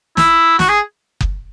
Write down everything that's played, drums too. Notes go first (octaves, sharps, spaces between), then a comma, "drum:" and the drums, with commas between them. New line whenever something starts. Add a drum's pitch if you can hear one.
E4, drum: snare
F#4, drum: snare
G#4
drum: kick F#1